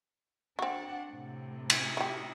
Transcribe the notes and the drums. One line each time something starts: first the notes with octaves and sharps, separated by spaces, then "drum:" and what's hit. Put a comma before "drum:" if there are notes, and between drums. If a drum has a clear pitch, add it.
C4 D4 F#4 F#5
A2 C3
drum: cymbal
E4 G4